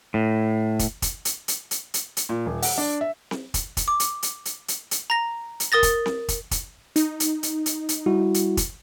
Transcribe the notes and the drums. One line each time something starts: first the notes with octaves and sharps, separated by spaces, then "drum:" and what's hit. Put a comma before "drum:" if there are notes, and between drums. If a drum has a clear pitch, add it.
A2
drum: kick, hi-hat
drum: kick, hi-hat
drum: hi-hat
drum: hi-hat
drum: hi-hat
drum: hi-hat
drum: hi-hat
A#2
D#1
F#5, drum: open hi-hat
D4
E5
drum: snare C4
drum: kick, hi-hat
drum: kick, hi-hat
D6
drum: hi-hat
drum: hi-hat
drum: hi-hat
drum: hi-hat
drum: hi-hat
A#5 A#6
drum: hi-hat
A#4 D#6 A6 A#6
drum: kick, hi-hat
drum: snare C4
drum: kick, hi-hat
drum: kick, hi-hat
D#4, drum: hi-hat
drum: hi-hat
drum: hi-hat
drum: hi-hat
drum: hi-hat
G3 E4 F#4
drum: hi-hat
drum: kick, hi-hat